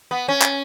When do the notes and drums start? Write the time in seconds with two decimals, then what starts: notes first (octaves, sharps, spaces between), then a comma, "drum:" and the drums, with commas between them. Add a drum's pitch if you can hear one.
0.11 B3
0.28 C#4
0.42 drum: clap